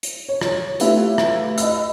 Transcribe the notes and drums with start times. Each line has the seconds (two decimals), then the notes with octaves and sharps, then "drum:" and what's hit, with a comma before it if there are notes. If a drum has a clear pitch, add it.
0.03 drum: hi-hat
0.29 C#5
0.41 drum: rim click
0.80 A3 E4 F4 G4 B4, drum: hi-hat
1.18 drum: rim click
1.58 D#5 B5 E6, drum: hi-hat